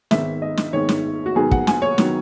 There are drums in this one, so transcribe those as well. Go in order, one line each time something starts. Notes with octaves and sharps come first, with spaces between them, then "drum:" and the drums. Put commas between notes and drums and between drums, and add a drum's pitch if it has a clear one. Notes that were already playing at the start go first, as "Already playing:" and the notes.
G#1 G#2 D#3 G#3 B3 E5, drum: snare
D#5
drum: snare
G#1 G#2 D#3 G#3 B3 C#5
drum: snare
F#4
G#2 D#3 F#3 B3 G#4
F#5, drum: kick
G#5, drum: snare
C#5
D#3 F#3 B3, drum: snare